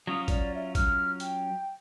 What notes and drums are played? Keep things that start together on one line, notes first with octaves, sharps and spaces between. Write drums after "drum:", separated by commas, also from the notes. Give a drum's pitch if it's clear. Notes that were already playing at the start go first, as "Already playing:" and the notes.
F#3 C#4 F4 D#6
D5, drum: kick, hi-hat
E5
F6, drum: kick, hi-hat
G5, drum: hi-hat